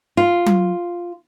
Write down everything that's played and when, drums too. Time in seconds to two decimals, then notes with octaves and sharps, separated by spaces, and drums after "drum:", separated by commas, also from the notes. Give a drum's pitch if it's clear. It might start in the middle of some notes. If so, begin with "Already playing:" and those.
0.17 F4
0.46 drum: tom F#3